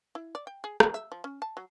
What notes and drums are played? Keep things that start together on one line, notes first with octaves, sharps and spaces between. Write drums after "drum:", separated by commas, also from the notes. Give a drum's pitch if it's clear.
E4
D5
G5
G#4
F5, drum: rim click
E5
F3
C#4
A5
F#3